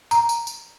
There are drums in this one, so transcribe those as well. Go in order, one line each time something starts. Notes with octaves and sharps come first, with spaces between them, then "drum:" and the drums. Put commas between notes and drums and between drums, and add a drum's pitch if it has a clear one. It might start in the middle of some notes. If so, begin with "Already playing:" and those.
A#5, drum: tambourine
drum: tambourine
drum: tambourine